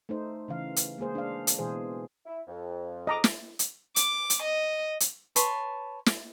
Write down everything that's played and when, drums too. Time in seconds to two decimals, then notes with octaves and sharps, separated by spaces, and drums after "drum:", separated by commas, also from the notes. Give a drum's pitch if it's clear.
0.09 A3 D#4 C5
0.48 C#3 E3 F5
0.76 drum: hi-hat
0.98 G#3 A#3 G#4 C5
1.15 D4 F5
1.47 drum: hi-hat
1.58 B2 E3 G#3 G#4 C5
2.26 E4
2.48 F2
3.07 D#5 A#5 D6
3.24 drum: snare
3.59 drum: hi-hat
3.96 D6, drum: hi-hat
4.30 drum: hi-hat
4.43 D#5
5.00 drum: hi-hat
5.36 B4 C#5 A5 C6, drum: hi-hat
6.06 drum: snare